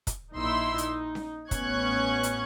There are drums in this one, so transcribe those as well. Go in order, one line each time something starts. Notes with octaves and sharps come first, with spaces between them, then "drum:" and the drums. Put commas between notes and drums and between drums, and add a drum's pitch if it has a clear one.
drum: kick, hi-hat
A#1 D#4 E4 C6 E6
D#4, drum: hi-hat
drum: snare C#4
A1 B3 C#4 C#6 F#6 G#6, drum: kick, hi-hat
drum: hi-hat